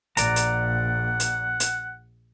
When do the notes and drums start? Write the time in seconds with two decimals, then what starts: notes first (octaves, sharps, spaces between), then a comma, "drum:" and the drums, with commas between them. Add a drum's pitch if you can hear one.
0.17 A#1 D5 F#5 A#5, drum: hi-hat
0.36 drum: hi-hat
1.20 drum: hi-hat
1.60 drum: hi-hat